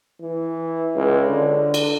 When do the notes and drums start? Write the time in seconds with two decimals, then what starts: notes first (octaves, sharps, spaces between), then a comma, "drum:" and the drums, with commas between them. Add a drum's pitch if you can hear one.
0.21 E3
0.95 C#2
1.27 D3
1.74 drum: cymbal